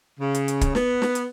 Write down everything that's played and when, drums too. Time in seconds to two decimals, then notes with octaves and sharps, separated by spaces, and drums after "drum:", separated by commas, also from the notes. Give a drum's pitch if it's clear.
0.20 C#3
0.34 drum: hi-hat
0.48 drum: hi-hat
0.61 drum: kick, hi-hat
0.75 B3, drum: snare
1.02 drum: snare
1.15 drum: hi-hat